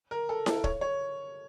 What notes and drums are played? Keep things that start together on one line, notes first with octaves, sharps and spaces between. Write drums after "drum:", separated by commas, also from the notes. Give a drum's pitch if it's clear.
A#4
A4
A4, drum: snare E4
C#5, drum: kick
C#5